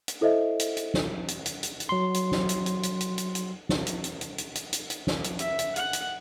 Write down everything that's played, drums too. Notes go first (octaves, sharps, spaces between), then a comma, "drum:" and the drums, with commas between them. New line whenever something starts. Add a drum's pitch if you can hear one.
drum: hi-hat
E4 A4 C5 D#5 E5
drum: hi-hat
drum: hi-hat
drum: snare
drum: hi-hat
drum: hi-hat
drum: hi-hat
drum: hi-hat
F#3 C6
drum: hi-hat
drum: snare
drum: hi-hat
drum: hi-hat
drum: hi-hat
drum: hi-hat
drum: hi-hat
drum: hi-hat
drum: snare
drum: hi-hat
drum: hi-hat
drum: hi-hat
drum: hi-hat
drum: hi-hat
drum: hi-hat
drum: hi-hat
drum: snare
drum: hi-hat
E5, drum: hi-hat
drum: hi-hat
F#5, drum: hi-hat
drum: hi-hat